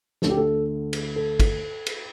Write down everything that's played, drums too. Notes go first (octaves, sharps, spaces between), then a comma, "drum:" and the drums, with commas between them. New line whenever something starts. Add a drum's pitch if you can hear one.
D2 D3 A3 A4, drum: snare
G4
A4
drum: cymbal
A4
drum: kick, cymbal
drum: cymbal